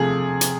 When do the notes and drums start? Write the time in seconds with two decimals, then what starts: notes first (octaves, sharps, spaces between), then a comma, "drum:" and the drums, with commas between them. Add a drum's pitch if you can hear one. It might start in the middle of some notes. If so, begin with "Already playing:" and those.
Already playing: C3 F3 A3 G#4
0.41 drum: hi-hat